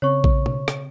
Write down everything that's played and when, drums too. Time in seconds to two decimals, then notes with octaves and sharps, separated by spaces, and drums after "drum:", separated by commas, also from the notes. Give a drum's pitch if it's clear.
0.02 C#3 C4 C#5 C#6
0.24 drum: kick A#1
0.46 drum: tom B2
0.68 drum: rim click